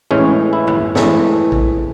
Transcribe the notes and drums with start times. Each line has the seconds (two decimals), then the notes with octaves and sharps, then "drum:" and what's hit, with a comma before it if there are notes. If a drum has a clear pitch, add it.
0.11 A2 E3 G#3 C#4
0.53 E4
0.67 drum: tom F#2
0.95 A2 E3 G#3 A3, drum: snare
1.52 drum: kick A1